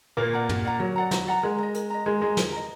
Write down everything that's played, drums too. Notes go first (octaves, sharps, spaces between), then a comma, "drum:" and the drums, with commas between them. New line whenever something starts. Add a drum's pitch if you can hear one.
A#2 A#3 F#4
D5 F#5 A#5
F#4, drum: tom
D5 F#5 A#5
F#3 F#4
D5 F#5 A#5
F#4, drum: snare
D5 F#5 A#5
G#3 A#4
D#5 A#5
A#4, drum: hi-hat
D#5 A#5
G#3 A#4
G#3 D#5 A#5
A#4, drum: snare
D#5 A#5